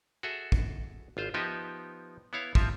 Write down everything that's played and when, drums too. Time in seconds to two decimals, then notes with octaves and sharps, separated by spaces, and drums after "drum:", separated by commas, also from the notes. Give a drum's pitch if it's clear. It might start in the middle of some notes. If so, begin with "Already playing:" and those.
0.23 F#4 G#4 A4 E5
0.52 drum: kick
1.17 G#1 F4 C5
1.34 F3 B3 D#4 G4 D#5 E5
2.33 B3 E4 C#5 F5
2.55 F3 C4 F4 E5, drum: kick